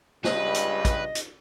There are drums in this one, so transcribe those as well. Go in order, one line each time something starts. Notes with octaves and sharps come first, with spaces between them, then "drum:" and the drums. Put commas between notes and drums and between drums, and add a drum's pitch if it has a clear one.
C#2 G2 G3 B4 D#5, drum: snare
drum: hi-hat
drum: kick, hi-hat
drum: hi-hat